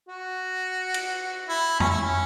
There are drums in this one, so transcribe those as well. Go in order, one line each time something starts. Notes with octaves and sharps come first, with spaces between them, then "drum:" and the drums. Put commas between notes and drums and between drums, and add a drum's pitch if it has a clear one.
F#4
drum: cymbal
E4
C#4, drum: tom F2
E4
C#4